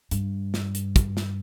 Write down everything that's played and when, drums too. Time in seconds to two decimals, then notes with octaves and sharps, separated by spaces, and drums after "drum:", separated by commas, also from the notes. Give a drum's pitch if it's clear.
0.11 G2, drum: hi-hat
0.54 drum: snare
0.75 drum: hi-hat
0.96 drum: kick, hi-hat
1.17 drum: snare